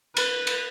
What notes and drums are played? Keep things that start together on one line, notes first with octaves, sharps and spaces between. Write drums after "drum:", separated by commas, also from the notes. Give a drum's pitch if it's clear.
B4, drum: cymbal
drum: cymbal